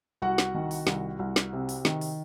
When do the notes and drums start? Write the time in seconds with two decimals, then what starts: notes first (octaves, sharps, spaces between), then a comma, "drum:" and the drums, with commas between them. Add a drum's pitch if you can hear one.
0.22 C2 F#4 F#5
0.38 drum: snare
0.55 D#3
0.71 drum: open hi-hat
0.87 C2, drum: snare
1.19 C2
1.36 drum: snare
1.53 C3
1.69 drum: open hi-hat
1.85 D#3, drum: snare
2.01 drum: open hi-hat